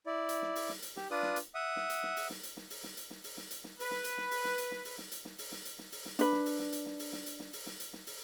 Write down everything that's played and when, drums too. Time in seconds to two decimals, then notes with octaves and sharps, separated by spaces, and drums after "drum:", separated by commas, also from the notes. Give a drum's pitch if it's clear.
0.06 E4 D5
0.29 drum: hi-hat
0.42 drum: snare
0.56 drum: open hi-hat
0.69 drum: snare
0.82 drum: hi-hat
0.97 G4, drum: snare
1.11 D4 F4 B4 D5 D#6
1.23 drum: snare
1.36 drum: hi-hat
1.55 E5 F#5 D#6
1.76 drum: snare
1.90 drum: hi-hat
2.03 drum: snare
2.16 drum: open hi-hat
2.30 drum: snare
2.43 drum: hi-hat
2.57 drum: snare
2.70 drum: open hi-hat
2.84 drum: snare
2.97 drum: hi-hat
3.10 drum: snare
3.24 drum: open hi-hat
3.37 drum: snare
3.51 drum: hi-hat
3.64 drum: snare
3.80 B4, drum: open hi-hat
3.91 drum: snare
4.04 drum: hi-hat
4.18 drum: snare
4.31 drum: open hi-hat
4.44 drum: snare
4.58 drum: hi-hat
4.71 drum: snare
4.85 drum: open hi-hat
4.98 drum: snare
5.12 drum: hi-hat
5.25 drum: snare
5.38 drum: open hi-hat
5.52 drum: snare
5.65 drum: hi-hat
5.79 drum: snare
5.92 drum: open hi-hat
6.05 drum: snare
6.19 D4 B4, drum: hi-hat
6.32 drum: snare
6.46 drum: open hi-hat
6.59 drum: snare
6.72 drum: hi-hat
6.86 drum: snare
6.99 drum: open hi-hat
7.13 drum: snare
7.26 drum: hi-hat
7.40 drum: snare
7.53 drum: open hi-hat
7.66 drum: snare
7.80 drum: hi-hat
7.93 drum: snare
8.07 drum: open hi-hat